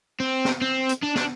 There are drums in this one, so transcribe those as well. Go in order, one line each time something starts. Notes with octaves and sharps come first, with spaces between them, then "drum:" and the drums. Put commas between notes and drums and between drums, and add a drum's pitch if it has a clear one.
C4
drum: snare
C4
drum: hi-hat
D4
D4, drum: snare